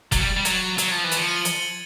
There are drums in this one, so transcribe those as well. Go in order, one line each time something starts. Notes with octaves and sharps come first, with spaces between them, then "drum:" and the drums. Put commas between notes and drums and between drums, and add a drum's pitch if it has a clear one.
F#3 A6, drum: kick F1, hi-hat
G3
A6
G3
F#3 G#6, drum: hi-hat
F#3, drum: hi-hat
F3
E3
A6, drum: hi-hat
F3 C#7
D#7
F#7
G7, drum: hi-hat
F#7